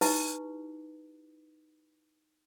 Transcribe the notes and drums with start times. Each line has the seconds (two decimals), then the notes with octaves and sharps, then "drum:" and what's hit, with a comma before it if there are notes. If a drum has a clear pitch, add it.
0.01 D#4 E4 G4 B4, drum: open hi-hat